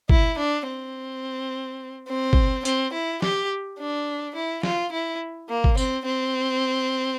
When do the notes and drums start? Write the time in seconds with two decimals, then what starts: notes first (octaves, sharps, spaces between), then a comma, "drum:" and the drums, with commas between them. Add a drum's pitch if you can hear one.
0.09 E4, drum: kick
0.38 D4
0.67 C4
2.08 C4
2.33 drum: kick
2.65 C4, drum: hi-hat
2.93 E4
3.22 G4, drum: snare
3.79 D4
4.35 E4
4.63 F4, drum: snare
4.92 E4
5.49 A#3
5.64 drum: kick
5.77 C4, drum: tambourine
6.05 C4